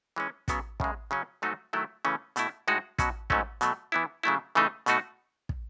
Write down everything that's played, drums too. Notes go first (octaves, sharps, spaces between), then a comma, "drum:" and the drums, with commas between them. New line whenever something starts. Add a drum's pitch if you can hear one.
E3 G#3 C#4
C#3 F#3 B3 F#4, drum: kick, hi-hat
F#2 C#3 G#3, drum: kick
C#3 F#3 C#4
G#2 F#3 A3 D#4 F#4
D#3 F#3 A3 E4
C#3 E3 A3 C#4
B2 A3 E4, drum: hi-hat
A2 G#3 D#4 F#4
B2 F#3 C#4 F#4, drum: kick, hi-hat
G#2 F#3 A3 C#4, drum: kick
B2 F#3 A3, drum: hi-hat
E3 B3 E4
C#3 F#3 A3 E4
C#3 E3 A3 D#4
B2 A3 D#4 F#4, drum: hi-hat
drum: kick